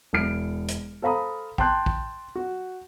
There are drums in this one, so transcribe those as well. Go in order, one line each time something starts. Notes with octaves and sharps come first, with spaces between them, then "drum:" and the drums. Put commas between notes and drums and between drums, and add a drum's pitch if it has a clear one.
E1 E4 F6 C7 D7
drum: hi-hat
A4 C5 F5 A#5 B5 D#6
G5 A5 C6 F#6 G6, drum: kick
drum: kick
F#4